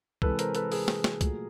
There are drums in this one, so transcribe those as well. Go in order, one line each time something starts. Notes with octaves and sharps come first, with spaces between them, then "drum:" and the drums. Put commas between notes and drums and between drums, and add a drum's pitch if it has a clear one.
C3 E3 G#3 A4 B4, drum: kick
A#4 C5, drum: hi-hat
A4 B4, drum: hi-hat
G#4 A#4, drum: open hi-hat
drum: snare
drum: snare
A#2 F#3 A3, drum: kick, hi-hat